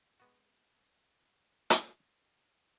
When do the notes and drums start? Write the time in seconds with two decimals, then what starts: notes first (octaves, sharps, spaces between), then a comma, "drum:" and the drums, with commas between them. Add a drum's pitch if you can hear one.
0.20 G#3 B3 F#4
1.70 drum: hi-hat